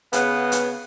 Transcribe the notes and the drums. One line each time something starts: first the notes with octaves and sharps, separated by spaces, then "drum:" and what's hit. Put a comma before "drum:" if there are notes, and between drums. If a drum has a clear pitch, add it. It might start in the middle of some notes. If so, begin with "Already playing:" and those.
C#3 B3, drum: hi-hat
drum: hi-hat